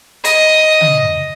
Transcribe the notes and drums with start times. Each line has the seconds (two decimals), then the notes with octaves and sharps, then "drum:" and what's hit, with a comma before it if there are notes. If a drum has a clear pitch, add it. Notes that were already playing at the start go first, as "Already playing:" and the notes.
0.24 D#5, drum: hi-hat
0.81 drum: tom